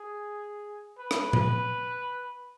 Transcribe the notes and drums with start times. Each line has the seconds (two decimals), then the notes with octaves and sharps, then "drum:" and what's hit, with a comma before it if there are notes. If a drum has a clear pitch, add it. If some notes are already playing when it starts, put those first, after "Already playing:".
Already playing: G#4
0.98 B4
1.11 drum: rim click
1.33 B4, drum: tom A#2